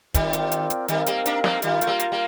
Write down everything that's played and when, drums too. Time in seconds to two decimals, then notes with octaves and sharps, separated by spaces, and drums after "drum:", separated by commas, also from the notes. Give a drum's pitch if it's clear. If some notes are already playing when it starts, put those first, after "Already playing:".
0.14 D#3 G3 C4 F4 A#4 D5 G5, drum: kick, hi-hat
0.33 drum: hi-hat
0.52 drum: hi-hat
0.70 drum: hi-hat
0.88 D#3 G3 C4 D#4 A#4 F5, drum: hi-hat
1.06 G3 A#3, drum: hi-hat
1.26 A#3 D4, drum: hi-hat
1.44 G3 A#3, drum: snare
1.62 D#3 G3 F4 A#4 F5, drum: hi-hat
1.81 A3, drum: hi-hat
1.87 G3 A#3
2.00 drum: hi-hat
2.12 G3 A#3